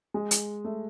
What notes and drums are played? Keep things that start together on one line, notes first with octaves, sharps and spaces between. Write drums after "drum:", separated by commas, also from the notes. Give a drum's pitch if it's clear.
G#3
drum: hi-hat
A3